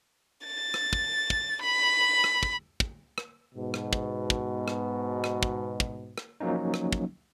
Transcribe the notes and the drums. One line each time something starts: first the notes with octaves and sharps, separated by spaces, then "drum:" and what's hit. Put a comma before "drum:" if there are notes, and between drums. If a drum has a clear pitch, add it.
A6
drum: rim click
drum: kick
drum: kick
B5
drum: rim click
drum: kick
drum: kick
drum: rim click
G#2 B2
drum: rim click
drum: kick
drum: kick
drum: rim click
drum: rim click
drum: kick
drum: kick
drum: rim click
F3 F#3 A#3 C#4 D#4
drum: rim click
drum: kick